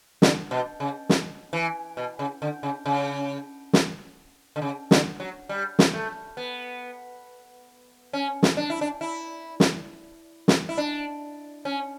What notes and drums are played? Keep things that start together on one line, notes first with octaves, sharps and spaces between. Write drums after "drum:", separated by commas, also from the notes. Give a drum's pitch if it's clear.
D3, drum: snare
B2
C#3
drum: snare
E3
B2
C#3
D3
C#3
C#3
drum: snare
D3
C#3
D3, drum: snare
F#3
G3
drum: snare
A3
B3
C#4
drum: snare
D4
E4
D4
E4
drum: snare
drum: snare
E4
D4
C#4